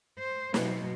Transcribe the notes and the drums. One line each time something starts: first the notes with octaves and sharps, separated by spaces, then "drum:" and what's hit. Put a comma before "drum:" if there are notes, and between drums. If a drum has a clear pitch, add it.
C5
B2 F#3, drum: snare